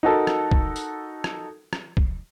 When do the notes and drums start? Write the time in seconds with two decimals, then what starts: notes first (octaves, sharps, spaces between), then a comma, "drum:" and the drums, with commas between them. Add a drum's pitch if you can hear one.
0.03 D#4 F#4 A4 A#4
0.27 drum: rim click
0.51 drum: kick
0.76 drum: tambourine
1.24 drum: rim click
1.73 drum: rim click
1.97 drum: kick